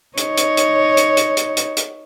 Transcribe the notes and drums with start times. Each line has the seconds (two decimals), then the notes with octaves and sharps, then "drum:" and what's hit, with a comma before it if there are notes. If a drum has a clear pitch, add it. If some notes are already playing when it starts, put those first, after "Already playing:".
0.17 D#4 C#5, drum: hi-hat
0.37 drum: hi-hat
0.57 drum: hi-hat
0.97 drum: hi-hat
1.17 drum: hi-hat
1.37 drum: hi-hat
1.57 drum: hi-hat
1.77 drum: hi-hat